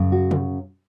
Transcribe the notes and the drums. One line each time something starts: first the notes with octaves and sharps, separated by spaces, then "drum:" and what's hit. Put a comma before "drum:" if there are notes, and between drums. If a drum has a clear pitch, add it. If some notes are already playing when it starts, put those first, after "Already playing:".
Already playing: F#2 C#3
F#4
drum: tom